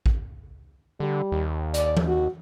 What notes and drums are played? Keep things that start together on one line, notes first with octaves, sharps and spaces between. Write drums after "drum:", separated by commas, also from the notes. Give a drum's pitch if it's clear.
drum: kick A1
D3 G3
D#2
D5, drum: hi-hat
drum: tom E3
F#4